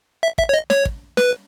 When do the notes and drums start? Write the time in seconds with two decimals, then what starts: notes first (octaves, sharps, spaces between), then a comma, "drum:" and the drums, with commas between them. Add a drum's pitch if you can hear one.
0.23 E5
0.38 E5, drum: kick
0.49 C#5
0.54 D#5
0.70 C#5, drum: snare
0.85 drum: kick
1.17 B4, drum: snare